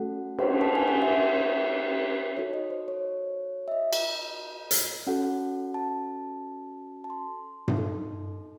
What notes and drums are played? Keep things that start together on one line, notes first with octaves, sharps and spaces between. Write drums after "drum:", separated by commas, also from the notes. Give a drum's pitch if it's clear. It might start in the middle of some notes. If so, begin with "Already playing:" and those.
Already playing: A3 C#4 F#4 A4 F#5
drum: cymbal
A5
G#5
F#5
E5
D#4 F#4 A4 C#5
D#5
C5
C#5
E5
D#5
drum: cymbal
drum: hi-hat
C#4 F#4 A4 F#5
A5
A5
C6
drum: tom G2
D#4 A4